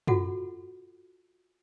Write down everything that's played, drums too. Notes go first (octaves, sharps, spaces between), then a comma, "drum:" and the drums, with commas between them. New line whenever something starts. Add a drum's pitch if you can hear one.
F4 F#4 A4 F#5, drum: tom F#2